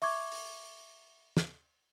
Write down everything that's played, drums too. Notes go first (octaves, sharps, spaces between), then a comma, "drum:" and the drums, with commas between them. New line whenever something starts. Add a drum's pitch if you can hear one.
E5 C#6 D6 G#6, drum: open hi-hat
drum: open hi-hat
drum: snare